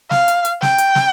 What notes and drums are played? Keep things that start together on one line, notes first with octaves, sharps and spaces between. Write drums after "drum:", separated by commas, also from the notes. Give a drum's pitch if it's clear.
F5, drum: snare
drum: hi-hat
drum: hi-hat
G5, drum: snare
drum: hi-hat
drum: snare